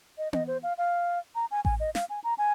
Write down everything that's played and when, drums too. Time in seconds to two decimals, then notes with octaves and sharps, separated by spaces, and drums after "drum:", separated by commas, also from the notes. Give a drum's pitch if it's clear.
0.18 D#5
0.33 D#5, drum: tom B3
0.47 C5
0.63 F5
0.78 F5
1.35 A#5
1.51 G#5
1.65 G#5, drum: kick A1
1.80 D#5
1.95 F5, drum: snare
2.10 G#5
2.24 A#5
2.38 G#5